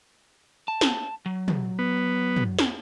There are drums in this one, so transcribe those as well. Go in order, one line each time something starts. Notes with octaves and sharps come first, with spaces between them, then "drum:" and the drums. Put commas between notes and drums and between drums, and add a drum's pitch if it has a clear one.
A5
drum: snare
F#3
drum: tom
B3
drum: tom
drum: snare